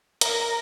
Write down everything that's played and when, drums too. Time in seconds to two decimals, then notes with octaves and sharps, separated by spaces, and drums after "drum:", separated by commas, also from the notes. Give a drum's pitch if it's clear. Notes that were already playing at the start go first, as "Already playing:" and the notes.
0.21 A#4, drum: hi-hat